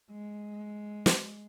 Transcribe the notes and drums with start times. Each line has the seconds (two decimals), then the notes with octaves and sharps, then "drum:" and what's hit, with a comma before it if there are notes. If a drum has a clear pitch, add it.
0.11 G#3
1.06 drum: snare